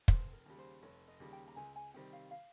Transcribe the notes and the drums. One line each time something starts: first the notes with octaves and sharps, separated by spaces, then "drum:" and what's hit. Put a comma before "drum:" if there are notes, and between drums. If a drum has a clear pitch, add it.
F1 C5, drum: kick
A#4
D#2 C#3 G3
C5
F1 C#5
D#5
D#2 C#3 G3
G5
A#5
C#2 G#5
G#5
C3 D#3 G3 C4 G5
F5
F5